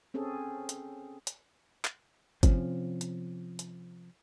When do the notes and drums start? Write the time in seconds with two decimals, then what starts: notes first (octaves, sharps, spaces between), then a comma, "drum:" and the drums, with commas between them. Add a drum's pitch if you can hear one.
0.14 C4 C#4 G#4 A4
0.69 drum: hi-hat
1.27 drum: hi-hat
1.85 drum: clap
2.43 C3 F3 C4 C#4, drum: kick, hi-hat
3.01 drum: hi-hat
3.59 drum: hi-hat